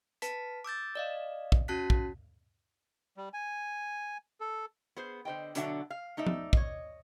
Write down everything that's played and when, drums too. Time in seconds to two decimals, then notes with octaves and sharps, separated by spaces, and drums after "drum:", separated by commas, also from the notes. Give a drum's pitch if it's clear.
0.22 B4 A5 B6, drum: hi-hat
0.64 D6 E6 G6 A6
0.95 D5 D#5 F5
1.52 drum: kick
1.68 C#4 F#4 A5 F#6 B6
1.90 drum: kick
3.17 G3
3.34 G#5
4.41 A4
4.96 B3 G#4 C5
5.25 D3 C5 D#5 G5
5.55 B2 D3 F#3 D4 E5 F#5, drum: hi-hat
5.90 F5
6.17 A3 D#4 D5 E5
6.26 drum: tom F3
6.53 C#5 D#5, drum: kick